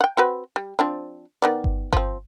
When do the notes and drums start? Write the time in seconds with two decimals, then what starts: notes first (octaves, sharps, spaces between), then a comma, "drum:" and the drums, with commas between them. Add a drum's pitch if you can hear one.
0.01 F#5 G5
0.17 C4 F#4 B4
0.56 G3
0.79 F3 C4 D4
1.42 D#3 B3 D5
1.64 drum: kick G1
1.93 F3 C4, drum: kick G1